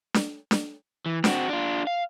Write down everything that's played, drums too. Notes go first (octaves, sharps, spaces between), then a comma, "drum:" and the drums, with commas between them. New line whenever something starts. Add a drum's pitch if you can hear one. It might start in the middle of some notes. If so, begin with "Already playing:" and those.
drum: snare D4
drum: snare D4
E3
C4 F#4, drum: snare D4
D4 F4
F5